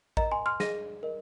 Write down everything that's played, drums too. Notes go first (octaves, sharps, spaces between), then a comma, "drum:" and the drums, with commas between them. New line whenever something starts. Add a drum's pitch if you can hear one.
A#4 D#5 A#5, drum: kick A1
G#5 C6
C6 F6
G#4 D#5 A#6 D#7, drum: snare
A#4 D#5